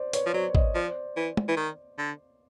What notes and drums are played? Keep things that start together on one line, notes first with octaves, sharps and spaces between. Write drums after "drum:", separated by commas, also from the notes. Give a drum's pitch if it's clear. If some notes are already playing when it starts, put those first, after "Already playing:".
Already playing: C5 D5
B4 C#5, drum: hi-hat
F3
F#3 C5 D5
C#5 D#5, drum: kick
F3 C5 D5
E3
drum: tom
E3
D#3
D3